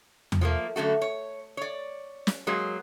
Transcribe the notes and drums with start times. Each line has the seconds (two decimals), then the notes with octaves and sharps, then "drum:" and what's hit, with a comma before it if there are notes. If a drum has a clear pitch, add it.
0.32 drum: tom E2
0.41 F3 F#3 A3 A#3
0.76 F#2 D3 A3 F#4
1.02 C#5
1.57 C#5 D5
2.27 drum: snare
2.47 F#3 G#3 A#3 G#4